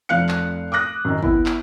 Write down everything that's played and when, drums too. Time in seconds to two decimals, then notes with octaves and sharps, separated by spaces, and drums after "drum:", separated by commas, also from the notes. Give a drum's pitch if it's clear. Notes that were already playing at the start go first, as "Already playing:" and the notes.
0.09 F1 F3 F5 F#6 C#7
0.29 drum: clap
0.72 D6 D#6 F#6 A#6
1.05 F#2 D#3
1.23 B3 E4, drum: kick
1.46 drum: clap